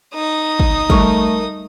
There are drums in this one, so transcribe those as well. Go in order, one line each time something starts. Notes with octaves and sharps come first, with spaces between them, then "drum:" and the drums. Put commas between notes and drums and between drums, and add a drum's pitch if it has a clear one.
D#4 D#6
drum: kick
G3 A3 A#4 C#6, drum: kick